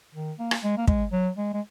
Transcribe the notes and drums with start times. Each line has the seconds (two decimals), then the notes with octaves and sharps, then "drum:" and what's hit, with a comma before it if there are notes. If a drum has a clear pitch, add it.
0.15 D#3
0.39 A#3
0.51 drum: rim click
0.63 G#3
0.78 A#3
0.88 G#3, drum: kick
1.12 F#3
1.37 G#3
1.54 G#3